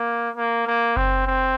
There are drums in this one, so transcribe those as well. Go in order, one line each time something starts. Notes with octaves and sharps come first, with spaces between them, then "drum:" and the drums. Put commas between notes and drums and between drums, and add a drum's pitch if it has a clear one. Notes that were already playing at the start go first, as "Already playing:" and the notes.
Already playing: A#3
A#3
A#3
C4, drum: kick F#1
C4